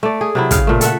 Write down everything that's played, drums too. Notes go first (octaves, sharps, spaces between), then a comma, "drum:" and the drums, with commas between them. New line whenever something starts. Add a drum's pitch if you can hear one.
A3 D5
G#4
C3 F#3 E4
C#3 F5, drum: kick, hi-hat
A#2 A3
A4 E5 F#5, drum: hi-hat